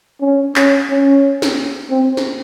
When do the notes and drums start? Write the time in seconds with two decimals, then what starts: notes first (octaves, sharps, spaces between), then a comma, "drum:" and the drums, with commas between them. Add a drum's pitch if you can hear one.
0.21 C#4
0.56 C#4, drum: clap
0.90 C#4
1.42 drum: snare
1.91 C4
2.17 drum: snare